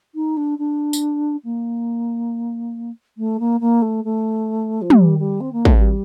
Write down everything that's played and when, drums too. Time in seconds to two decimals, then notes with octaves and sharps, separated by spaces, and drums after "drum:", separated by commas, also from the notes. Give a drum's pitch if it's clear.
0.15 D#4
0.37 D4
0.58 D4
0.93 drum: tambourine
1.44 A#3
3.17 A3
3.39 A#3
3.60 A#3
3.82 A3
4.04 A3
4.81 F3
4.90 G3, drum: tom
5.19 G3
5.40 C4
5.52 A#3
5.65 A3, drum: kick
5.77 G3